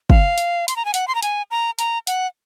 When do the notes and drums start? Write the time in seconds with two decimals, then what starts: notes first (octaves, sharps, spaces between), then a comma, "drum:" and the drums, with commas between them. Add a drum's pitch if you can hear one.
0.10 F5, drum: kick
0.38 drum: hi-hat
0.68 C6, drum: hi-hat
0.76 A#5
0.85 G#5
0.94 F#5, drum: hi-hat
1.08 C6
1.15 A#5
1.23 G#5, drum: hi-hat
1.51 A#5
1.79 A#5, drum: hi-hat
2.07 F#5, drum: hi-hat